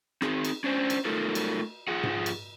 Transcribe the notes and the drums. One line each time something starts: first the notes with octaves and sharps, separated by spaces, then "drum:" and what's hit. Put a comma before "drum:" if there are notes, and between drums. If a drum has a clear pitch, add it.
C4 D#4 G#4, drum: rim click
drum: cymbal
C#4 D4 C5
drum: cymbal
A3 D#4 F4 A4 A#4
drum: cymbal
F2 F4 G#4 F#5
drum: tom G#2
drum: cymbal